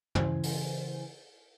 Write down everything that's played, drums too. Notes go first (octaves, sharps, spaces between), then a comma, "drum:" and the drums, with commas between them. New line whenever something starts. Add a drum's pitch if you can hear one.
C#3 E3 E4 C5 G#5, drum: tom
drum: open hi-hat